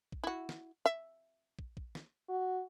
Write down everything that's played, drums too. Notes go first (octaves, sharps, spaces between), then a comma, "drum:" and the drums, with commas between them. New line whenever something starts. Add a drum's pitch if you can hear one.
drum: kick
E4 F#4
drum: snare
E5
drum: kick
drum: kick
drum: snare
F#4